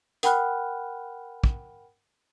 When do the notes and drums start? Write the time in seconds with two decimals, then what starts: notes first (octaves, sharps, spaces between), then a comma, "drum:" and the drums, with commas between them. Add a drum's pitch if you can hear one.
0.23 A#4 F#5 G5 B5 F6 F#6, drum: hi-hat
1.44 drum: kick